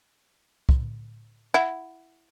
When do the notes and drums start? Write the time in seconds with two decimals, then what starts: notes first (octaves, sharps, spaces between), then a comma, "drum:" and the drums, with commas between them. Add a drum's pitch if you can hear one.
0.69 drum: kick
1.54 E4 F#5